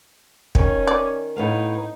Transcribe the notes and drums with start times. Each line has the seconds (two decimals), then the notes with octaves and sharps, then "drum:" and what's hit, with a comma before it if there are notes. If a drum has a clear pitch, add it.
0.55 D#3 C#4, drum: kick
0.87 D5
1.37 A2 B3 D#4 F5